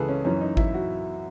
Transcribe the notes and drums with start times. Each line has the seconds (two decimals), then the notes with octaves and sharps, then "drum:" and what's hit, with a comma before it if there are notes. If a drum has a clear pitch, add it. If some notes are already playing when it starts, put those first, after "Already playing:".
Already playing: C#2 C#3 E3 G#4 A4 B4
0.08 C#4
0.25 F#2 E3 C#4
0.41 D#4
0.57 E4, drum: kick G#1
0.74 F#4